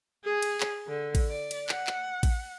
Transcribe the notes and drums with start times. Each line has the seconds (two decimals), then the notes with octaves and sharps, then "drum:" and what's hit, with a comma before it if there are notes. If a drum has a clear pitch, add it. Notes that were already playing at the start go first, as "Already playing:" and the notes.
0.24 G#4
0.42 drum: cymbal
0.61 drum: clap
0.88 D3
1.15 drum: kick A1, cymbal
1.29 D5
1.51 drum: cymbal
1.69 F#5, drum: clap
1.87 drum: clap
2.23 drum: kick A1, cymbal